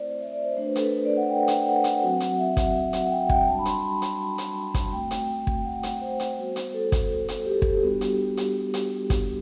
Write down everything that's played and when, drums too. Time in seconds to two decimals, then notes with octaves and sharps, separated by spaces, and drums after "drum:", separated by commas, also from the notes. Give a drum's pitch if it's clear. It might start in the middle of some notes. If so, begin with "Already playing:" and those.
Already playing: A3 C4 E4 C5 D5
0.21 E5
0.33 D5
0.45 C5
0.57 A3 D4 F#4 C5
0.66 B4
0.76 A4, drum: hi-hat
0.84 B4
0.94 C5
1.05 D5
1.17 F#5
1.30 G5
1.48 drum: hi-hat
1.66 F#5
1.84 drum: hi-hat
2.02 F#3 C4 F#4
2.20 drum: hi-hat
2.38 E5
2.57 drum: kick, hi-hat
2.93 drum: hi-hat
3.05 F#5
3.11 G5
3.29 G5, drum: kick
3.47 G3 D4 F#4 A5
3.59 B5
3.65 C6, drum: hi-hat
4.02 drum: hi-hat
4.38 drum: hi-hat
4.74 drum: kick, hi-hat
4.92 A3 C4 F#4 G5
5.11 drum: hi-hat
5.47 drum: kick
5.65 F#5
5.83 drum: hi-hat
6.01 C5
6.20 drum: hi-hat
6.38 G3 B3 F#4
6.56 drum: hi-hat
6.74 A4
6.92 drum: kick, hi-hat
7.28 drum: hi-hat
7.46 G4
7.54 A4
7.62 G4, drum: kick
7.83 G3 B3 D4 F#4
8.01 drum: hi-hat
8.37 drum: hi-hat
8.74 drum: hi-hat
9.10 drum: kick, hi-hat